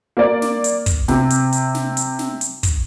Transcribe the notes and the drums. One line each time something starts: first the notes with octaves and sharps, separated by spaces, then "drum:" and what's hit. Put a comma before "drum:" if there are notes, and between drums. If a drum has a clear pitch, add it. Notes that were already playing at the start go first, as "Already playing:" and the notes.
A#3 D5
drum: snare
drum: hi-hat
drum: kick, hi-hat
C3, drum: snare
drum: hi-hat
drum: hi-hat
drum: snare
drum: hi-hat
drum: snare
drum: hi-hat
drum: kick, hi-hat